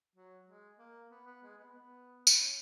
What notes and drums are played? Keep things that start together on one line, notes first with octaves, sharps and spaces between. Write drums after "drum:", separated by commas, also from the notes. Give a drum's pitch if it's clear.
F#3
G#3
A#3
B3
B3
G#3
B3
B3
drum: tambourine
C#4